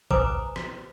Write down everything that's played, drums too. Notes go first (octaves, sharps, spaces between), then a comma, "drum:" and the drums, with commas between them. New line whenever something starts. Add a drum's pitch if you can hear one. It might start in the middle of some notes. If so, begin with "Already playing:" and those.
B4 C5 G#5 A#5 D6 D#6, drum: kick A#1
drum: rim click